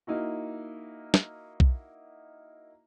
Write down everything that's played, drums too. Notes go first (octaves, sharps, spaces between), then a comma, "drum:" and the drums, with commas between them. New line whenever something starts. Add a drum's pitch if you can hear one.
A#3 D#4 E4 F#4
drum: snare
drum: kick B1